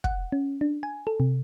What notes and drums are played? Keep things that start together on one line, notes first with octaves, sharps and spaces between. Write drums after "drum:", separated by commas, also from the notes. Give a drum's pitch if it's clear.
F#5, drum: kick
C#4
D4
G#5
A4
C3